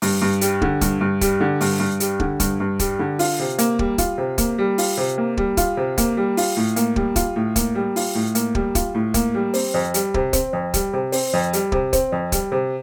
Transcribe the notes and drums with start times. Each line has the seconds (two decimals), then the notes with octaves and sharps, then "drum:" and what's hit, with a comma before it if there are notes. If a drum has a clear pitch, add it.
0.02 G2, drum: open hi-hat
0.21 G2
0.41 G3, drum: hi-hat
0.62 D3, drum: kick
0.81 G2, drum: kick, hi-hat
1.01 G2
1.21 G3, drum: kick, hi-hat
1.41 D3
1.61 G2, drum: open hi-hat
1.80 G2
2.00 G3, drum: hi-hat
2.20 D3, drum: kick
2.40 G2, drum: kick, hi-hat
2.60 G2
2.79 G3, drum: kick, hi-hat
2.99 D3
3.19 F4, drum: open hi-hat
3.39 C3
3.58 A#3, drum: hi-hat
3.79 G3, drum: kick
3.98 F4, drum: kick, hi-hat
4.18 C3
4.38 A#3, drum: kick, hi-hat
4.58 G3
4.78 F4, drum: open hi-hat
4.97 C3
5.18 A#3
5.37 G3, drum: kick
5.57 F4, drum: kick, hi-hat
5.77 C3
5.98 A#3, drum: kick, hi-hat
6.17 G3
6.37 F4, drum: open hi-hat
6.57 A2
6.76 A#3, drum: hi-hat
6.96 G3, drum: kick
7.16 F4, drum: kick, hi-hat
7.36 A2
7.56 A#3, drum: kick, hi-hat
7.75 G3
7.96 F4, drum: open hi-hat
8.15 A2
8.35 A#3, drum: hi-hat
8.55 G3, drum: kick
8.75 F4, drum: kick, hi-hat
8.95 A2
9.14 A#3, drum: kick, hi-hat
9.34 G3
9.54 C4, drum: open hi-hat
9.74 F2
9.94 G3, drum: hi-hat
10.14 C3, drum: kick
10.33 C4, drum: kick, hi-hat
10.53 F2
10.74 G3, drum: kick, hi-hat
10.93 C3
11.12 C4, drum: open hi-hat
11.33 F2
11.53 G3, drum: hi-hat
11.72 C3, drum: kick
11.93 C4, drum: kick, hi-hat
12.12 F2
12.32 G3, drum: kick, hi-hat
12.52 C3